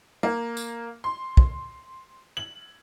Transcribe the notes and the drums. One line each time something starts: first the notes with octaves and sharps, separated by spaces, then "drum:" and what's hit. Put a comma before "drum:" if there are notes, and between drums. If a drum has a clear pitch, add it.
A#3
drum: tambourine
C6
drum: kick
F#7